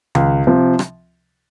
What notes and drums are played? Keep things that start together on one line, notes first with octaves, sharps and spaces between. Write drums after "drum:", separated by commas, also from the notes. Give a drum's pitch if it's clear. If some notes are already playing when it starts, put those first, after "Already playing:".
C#2, drum: tom D#3
C3 F3
drum: rim click